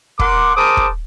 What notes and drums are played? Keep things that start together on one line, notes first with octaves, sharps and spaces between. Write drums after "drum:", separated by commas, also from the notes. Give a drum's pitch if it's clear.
A#4 F#5 C6 D6, drum: kick
G#4 A#4 C5 A5 D6 D#6
drum: kick